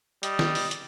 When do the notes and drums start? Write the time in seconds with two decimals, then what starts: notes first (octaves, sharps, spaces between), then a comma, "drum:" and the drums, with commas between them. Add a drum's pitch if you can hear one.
0.23 G3 D#5, drum: hi-hat
0.39 drum: snare
0.55 drum: open hi-hat
0.71 drum: hi-hat